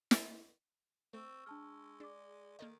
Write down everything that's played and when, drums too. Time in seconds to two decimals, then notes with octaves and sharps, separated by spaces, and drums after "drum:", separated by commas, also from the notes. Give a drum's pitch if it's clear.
0.11 drum: snare
1.13 A3 C4 C#6 E6
1.46 G#3 D4 A5 F6
2.00 D4 G#4 D5 D6
2.59 D#3 A#3 A4 D#5